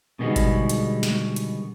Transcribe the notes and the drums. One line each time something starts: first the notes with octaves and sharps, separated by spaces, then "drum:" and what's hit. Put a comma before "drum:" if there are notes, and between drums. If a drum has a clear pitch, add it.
B2 D3 D#3 G3 G#3 B3
drum: kick G#1, hi-hat
drum: hi-hat
drum: snare
drum: hi-hat